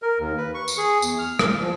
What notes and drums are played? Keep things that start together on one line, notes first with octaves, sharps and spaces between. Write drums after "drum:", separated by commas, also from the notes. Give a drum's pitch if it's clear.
A#4
D#2
B4
C#6
drum: tambourine
G#4
E2, drum: tambourine
F6
A#2, drum: rim click
F3